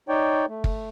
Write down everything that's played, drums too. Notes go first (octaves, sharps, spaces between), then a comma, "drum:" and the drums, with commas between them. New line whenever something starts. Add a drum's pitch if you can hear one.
D#4 C#5 D5 G5
A3
drum: kick